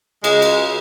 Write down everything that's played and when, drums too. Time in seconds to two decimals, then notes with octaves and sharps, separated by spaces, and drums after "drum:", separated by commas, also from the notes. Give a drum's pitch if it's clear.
0.24 C#3 G#3, drum: cymbal
0.42 drum: cymbal